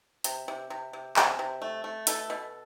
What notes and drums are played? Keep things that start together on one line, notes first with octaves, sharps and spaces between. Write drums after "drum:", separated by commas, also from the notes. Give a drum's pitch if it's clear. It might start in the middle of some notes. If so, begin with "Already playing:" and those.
C3, drum: hi-hat
C3
C3
C3
C3, drum: clap
C3
A3
A3
B2 A4, drum: hi-hat
B2